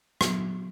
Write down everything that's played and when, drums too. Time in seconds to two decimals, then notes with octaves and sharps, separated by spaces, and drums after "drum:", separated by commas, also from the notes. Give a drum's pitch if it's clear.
0.21 F#3 B3, drum: rim click